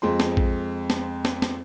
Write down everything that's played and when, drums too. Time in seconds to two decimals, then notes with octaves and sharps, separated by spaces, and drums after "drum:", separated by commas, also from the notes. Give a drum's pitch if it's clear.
0.02 F2 G#3 C4 C6
0.20 drum: snare
0.37 drum: kick A#1
0.90 drum: snare
1.25 drum: snare
1.42 drum: snare